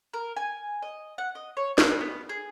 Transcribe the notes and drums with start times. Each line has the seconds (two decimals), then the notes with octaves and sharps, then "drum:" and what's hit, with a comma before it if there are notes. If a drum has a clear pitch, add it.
0.14 A#4
0.37 G#5
0.82 D#5
1.18 F#5
1.35 D#5
1.57 C#5
1.78 B4, drum: snare
2.01 B3
2.29 G#4